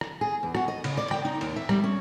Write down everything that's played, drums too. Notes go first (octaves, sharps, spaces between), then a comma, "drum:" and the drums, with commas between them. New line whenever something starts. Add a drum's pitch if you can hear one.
drum: rim click
G#4
E2
F#4, drum: rim click
D#5
C#3, drum: cymbal
D5
G5, drum: rim click
D#4
D#2, drum: cymbal
E5
G3, drum: rim click
C#4